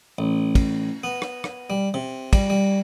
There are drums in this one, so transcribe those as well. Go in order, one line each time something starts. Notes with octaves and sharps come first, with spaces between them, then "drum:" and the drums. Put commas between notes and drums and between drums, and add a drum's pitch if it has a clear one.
A1
drum: kick, cymbal
B3
drum: rim click
drum: rim click
G3
C3
G3, drum: kick, cymbal
G3